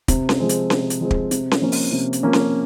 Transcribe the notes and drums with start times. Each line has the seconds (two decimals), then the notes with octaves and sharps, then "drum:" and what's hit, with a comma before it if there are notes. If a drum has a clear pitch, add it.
0.08 C3, drum: kick, hi-hat
0.29 drum: snare C#4
0.39 F3 G#3 C4
0.49 drum: hi-hat
0.70 C3, drum: snare C#4
0.90 drum: hi-hat
1.01 F3 G#3 C4
1.11 drum: kick
1.31 C3, drum: hi-hat
1.51 drum: snare C#4
1.62 F3 A#3 C#4
1.72 drum: open hi-hat
1.92 C3
2.13 drum: hi-hat
2.23 F3 A#3 C#4
2.33 drum: snare C#4